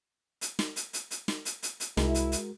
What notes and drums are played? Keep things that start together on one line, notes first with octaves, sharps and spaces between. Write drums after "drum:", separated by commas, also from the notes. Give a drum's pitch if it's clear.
drum: hi-hat
drum: snare
drum: hi-hat
drum: hi-hat
drum: hi-hat
drum: snare
drum: hi-hat
drum: hi-hat
drum: hi-hat
C2 G#3 E4 F#4 A#4, drum: snare
drum: hi-hat
drum: hi-hat